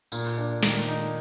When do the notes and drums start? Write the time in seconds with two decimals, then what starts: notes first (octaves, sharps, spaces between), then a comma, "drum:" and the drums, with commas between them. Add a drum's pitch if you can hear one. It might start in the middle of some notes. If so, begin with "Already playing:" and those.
0.12 A#2, drum: tambourine
0.38 D4
0.63 D#3, drum: snare
0.88 D#4